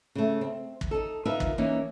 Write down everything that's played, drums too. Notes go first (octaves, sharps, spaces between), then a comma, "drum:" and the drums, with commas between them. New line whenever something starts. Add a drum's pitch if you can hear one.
C#3 A3
C4
drum: kick
D#4 A4
D#4 F4 A#4 B4 E5
drum: kick
E3 A#3 C#4 D#4